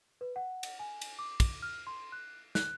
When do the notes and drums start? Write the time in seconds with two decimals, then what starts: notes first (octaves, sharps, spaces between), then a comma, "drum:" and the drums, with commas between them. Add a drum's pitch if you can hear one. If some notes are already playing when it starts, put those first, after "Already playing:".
0.21 B4
0.36 F#5
0.63 drum: cymbal
0.79 G#5
1.01 drum: cymbal
1.19 D6
1.40 drum: kick, cymbal
1.62 F6
1.87 C6
2.12 F#6
2.55 F#6, drum: snare